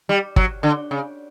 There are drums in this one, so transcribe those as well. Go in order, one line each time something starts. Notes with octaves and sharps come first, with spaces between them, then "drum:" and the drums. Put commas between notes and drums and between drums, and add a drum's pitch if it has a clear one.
G3
F#3, drum: kick
D3
C#3